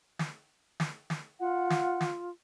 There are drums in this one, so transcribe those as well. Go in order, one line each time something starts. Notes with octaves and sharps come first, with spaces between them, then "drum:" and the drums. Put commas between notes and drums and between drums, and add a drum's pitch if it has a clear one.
drum: snare
drum: snare
drum: snare
F4 F#5
drum: snare
drum: snare